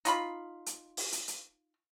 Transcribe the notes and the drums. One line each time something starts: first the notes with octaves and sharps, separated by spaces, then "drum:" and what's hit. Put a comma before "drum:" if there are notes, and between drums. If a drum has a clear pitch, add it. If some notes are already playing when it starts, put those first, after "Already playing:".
D#4 F4 B5, drum: hi-hat
drum: hi-hat
drum: open hi-hat
drum: hi-hat
drum: hi-hat